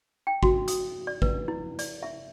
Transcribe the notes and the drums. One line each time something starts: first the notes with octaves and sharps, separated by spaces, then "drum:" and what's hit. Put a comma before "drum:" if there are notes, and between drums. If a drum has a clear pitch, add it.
G5
F#4, drum: kick G#1
D#6, drum: hi-hat
D5
B4, drum: kick G#1
E4
D5, drum: hi-hat
E5